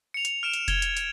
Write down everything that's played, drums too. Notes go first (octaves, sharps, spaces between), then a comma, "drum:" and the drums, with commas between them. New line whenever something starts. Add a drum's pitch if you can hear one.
C#7 F7
drum: hi-hat
F6 D7 E7
drum: hi-hat
G#6 F7 G7, drum: kick F1, hi-hat
drum: hi-hat
drum: hi-hat